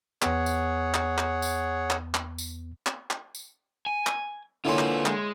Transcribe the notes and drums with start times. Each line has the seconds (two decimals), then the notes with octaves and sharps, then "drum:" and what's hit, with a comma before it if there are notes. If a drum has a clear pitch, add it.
0.22 E2 B3 G#4 C#5 F#5, drum: clap
0.46 drum: tambourine
0.94 drum: clap
1.18 drum: clap
1.42 drum: tambourine
1.90 drum: clap
2.14 drum: clap
2.38 drum: tambourine
2.87 drum: clap
3.11 drum: clap
3.35 drum: tambourine
3.86 G#5
4.07 drum: clap
4.65 D3 E3 A#3 E4 F4 B4 C#5 C6
4.79 drum: clap
5.06 G#3, drum: clap